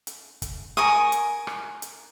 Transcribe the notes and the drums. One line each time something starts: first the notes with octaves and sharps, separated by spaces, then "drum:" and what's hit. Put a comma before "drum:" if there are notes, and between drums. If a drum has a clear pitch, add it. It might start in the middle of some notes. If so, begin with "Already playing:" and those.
drum: hi-hat
drum: kick, hi-hat
A#4 G#5 C#6 D#6
drum: hi-hat
drum: rim click
drum: hi-hat